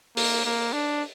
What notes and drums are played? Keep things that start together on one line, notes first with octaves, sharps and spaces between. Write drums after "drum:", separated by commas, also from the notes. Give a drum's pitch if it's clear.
A#3, drum: open hi-hat
A#3
D4